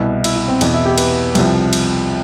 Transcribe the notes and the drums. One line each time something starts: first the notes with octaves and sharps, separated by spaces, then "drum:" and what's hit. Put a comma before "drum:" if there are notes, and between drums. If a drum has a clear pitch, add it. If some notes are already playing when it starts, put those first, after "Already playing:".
Already playing: C2 B2 E4
E4, drum: cymbal
E4
C4
E2 B2, drum: cymbal
E4
G4
B4, drum: cymbal
C2 C3 F3, drum: cymbal
drum: cymbal